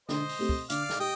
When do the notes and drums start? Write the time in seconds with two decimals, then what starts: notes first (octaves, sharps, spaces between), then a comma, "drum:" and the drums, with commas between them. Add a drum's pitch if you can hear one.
0.09 D3 C5 D#5, drum: snare
0.29 drum: open hi-hat
0.39 A3 C4 G4
0.49 drum: kick
0.70 D3 D5 F5, drum: hi-hat
0.90 drum: snare
1.00 G4 D#5 G5